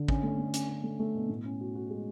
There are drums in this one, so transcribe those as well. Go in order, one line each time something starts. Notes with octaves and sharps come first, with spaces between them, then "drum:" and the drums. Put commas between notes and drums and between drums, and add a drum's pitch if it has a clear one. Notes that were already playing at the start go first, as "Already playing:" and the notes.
Already playing: D3
C#4, drum: kick
A3
A3
C#4, drum: hi-hat
C#4
A3
A3
B2
A2
C#4
F#4
F#4
G#3